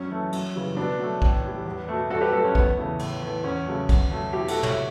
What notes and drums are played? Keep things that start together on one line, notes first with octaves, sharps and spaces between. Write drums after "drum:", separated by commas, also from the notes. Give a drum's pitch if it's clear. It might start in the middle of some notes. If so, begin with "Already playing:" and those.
Already playing: F#2 C#4
E3 A3
F#2, drum: cymbal
C#3 E3 G3
B2 B3 D4
F#3 A3
A2, drum: kick
E3 G3
E2
B2 A3
G2 F#4 A4
G4 B4
F#3 A3 F#4 A4
C#4
E2 B3, drum: kick
C#3 E3 A3
A2, drum: cymbal
E3 A3
E2 C#4
C#3 F#3 A3
E2, drum: kick, cymbal
B2 F#3 A3
B2 E4 G4
F#4 A4, drum: cymbal
A3
A4 C#5, drum: tom
E5